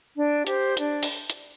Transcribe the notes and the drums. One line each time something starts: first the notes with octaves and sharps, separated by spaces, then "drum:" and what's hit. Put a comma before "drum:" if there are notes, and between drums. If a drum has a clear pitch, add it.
D4
G4 C5, drum: hi-hat
D4, drum: hi-hat
drum: open hi-hat
drum: hi-hat